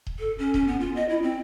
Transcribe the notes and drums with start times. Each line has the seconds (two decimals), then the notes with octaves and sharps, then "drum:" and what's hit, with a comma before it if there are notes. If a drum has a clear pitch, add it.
0.07 drum: kick D#1
0.19 A4
0.39 C#4
0.54 C#4, drum: kick D#1
0.68 B3
0.80 F4
0.96 D#5
1.09 E4
1.22 C4